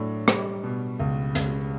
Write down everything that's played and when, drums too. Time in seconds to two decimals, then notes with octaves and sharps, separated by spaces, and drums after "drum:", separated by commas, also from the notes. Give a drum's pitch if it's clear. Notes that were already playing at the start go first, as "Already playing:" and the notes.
Already playing: A2 F#3 D4
0.28 G3, drum: rim click
0.64 B2
1.00 C#2
1.35 C#2, drum: hi-hat